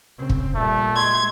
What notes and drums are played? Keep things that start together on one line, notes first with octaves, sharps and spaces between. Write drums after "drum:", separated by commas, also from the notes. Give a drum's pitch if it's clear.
C#3 C4
drum: kick
A#2 G3 A3
G#3 C6 G#6